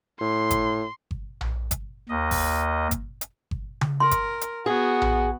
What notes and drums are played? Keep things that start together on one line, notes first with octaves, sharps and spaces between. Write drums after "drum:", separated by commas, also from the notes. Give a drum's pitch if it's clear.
A2 C6
drum: kick G1, hi-hat
drum: kick G1
drum: tom A#1
drum: kick G1, hi-hat
D#2 D#5
drum: kick G1, open hi-hat
drum: kick G1, hi-hat
drum: hi-hat
drum: kick G1
drum: tom C#3
A#4 C6
drum: kick G1, hi-hat
drum: hi-hat
B3 F#4 G#4
drum: tom A#1